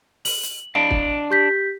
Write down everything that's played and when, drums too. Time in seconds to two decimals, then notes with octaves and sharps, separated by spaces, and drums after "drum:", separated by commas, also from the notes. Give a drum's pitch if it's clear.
0.25 F#7, drum: open hi-hat
0.43 drum: hi-hat
0.75 D4 D#5 F5 D7
0.91 drum: kick
1.31 G4 G6 B6